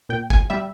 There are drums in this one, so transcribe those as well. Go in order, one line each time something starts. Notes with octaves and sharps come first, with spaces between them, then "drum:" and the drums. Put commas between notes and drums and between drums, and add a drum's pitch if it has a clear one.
A#2 G5
G#5, drum: kick
G3 E5